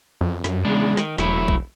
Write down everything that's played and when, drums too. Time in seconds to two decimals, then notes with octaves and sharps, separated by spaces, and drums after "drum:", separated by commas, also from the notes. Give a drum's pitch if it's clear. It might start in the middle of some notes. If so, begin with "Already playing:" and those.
0.21 F2
0.44 F#2, drum: snare
0.65 E2 C#3 G#3 D4
0.97 D#3, drum: snare
1.18 E1 F#3 A3 E4, drum: snare
1.48 drum: kick A#1